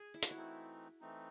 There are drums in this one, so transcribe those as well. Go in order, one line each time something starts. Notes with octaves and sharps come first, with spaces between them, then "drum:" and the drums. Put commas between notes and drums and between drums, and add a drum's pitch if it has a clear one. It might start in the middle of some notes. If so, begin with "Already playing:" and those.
Already playing: G#4
E4
F#4, drum: hi-hat
E4
E3 A3 C4 D#4
E3 A3 C4 D#4